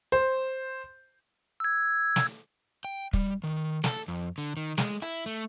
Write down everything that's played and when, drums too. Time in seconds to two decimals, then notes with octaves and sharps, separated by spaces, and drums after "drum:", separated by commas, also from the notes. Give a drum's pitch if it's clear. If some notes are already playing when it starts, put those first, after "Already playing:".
0.12 C5
1.60 E6 G#6
2.16 drum: snare
2.85 G5
3.13 G3, drum: kick
3.44 D#3
3.84 A4, drum: snare
4.08 F2
4.38 D3
4.57 D#3
4.78 G#3, drum: snare
5.02 E4, drum: hi-hat
5.26 A3